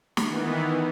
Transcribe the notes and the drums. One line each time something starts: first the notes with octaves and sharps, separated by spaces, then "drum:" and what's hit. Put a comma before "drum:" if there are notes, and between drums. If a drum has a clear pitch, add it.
D#3 E3 B3, drum: snare